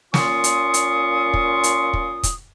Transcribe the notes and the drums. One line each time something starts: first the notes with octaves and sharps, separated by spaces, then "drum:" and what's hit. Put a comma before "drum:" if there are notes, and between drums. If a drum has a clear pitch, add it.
A#2 C#4 F4 C6 C#6 D#6, drum: snare
drum: hi-hat
drum: hi-hat
drum: kick
drum: hi-hat
drum: kick
drum: kick, hi-hat